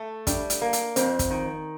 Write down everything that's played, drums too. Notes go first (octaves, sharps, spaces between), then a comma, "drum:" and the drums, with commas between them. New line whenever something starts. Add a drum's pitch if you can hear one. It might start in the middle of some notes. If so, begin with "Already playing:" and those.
Already playing: A3
G3 D4, drum: kick, hi-hat
drum: hi-hat
A#3
drum: hi-hat
F2 C4, drum: hi-hat
drum: kick, hi-hat
D#3